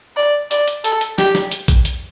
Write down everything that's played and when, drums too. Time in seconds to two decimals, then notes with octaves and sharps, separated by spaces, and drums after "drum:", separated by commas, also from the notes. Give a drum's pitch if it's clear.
0.17 D5
0.51 D5, drum: hi-hat
0.68 drum: hi-hat
0.84 A4, drum: hi-hat
1.01 drum: hi-hat
1.18 G4, drum: snare
1.35 drum: snare
1.51 drum: hi-hat
1.68 drum: kick A1, hi-hat
1.85 drum: hi-hat